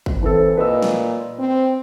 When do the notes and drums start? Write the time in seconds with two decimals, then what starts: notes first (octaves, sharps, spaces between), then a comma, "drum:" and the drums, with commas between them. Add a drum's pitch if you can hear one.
0.06 drum: kick
0.23 E3 C4 A4
0.57 A#2 B4 D#5 E6
0.82 drum: snare
1.39 C4